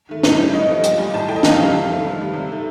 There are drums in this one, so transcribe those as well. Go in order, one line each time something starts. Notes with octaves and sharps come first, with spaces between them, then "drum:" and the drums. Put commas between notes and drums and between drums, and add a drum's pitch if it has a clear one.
D#3 A3
A2, drum: snare
G3
G2 D#5
F3 A3
A#2, drum: hi-hat
G3
A2 A5
A3 G5
D#5
F2 F5, drum: snare
C3 G3 F5
F2
D#3 A3
G2
D#3 G3
C3
D#3 A3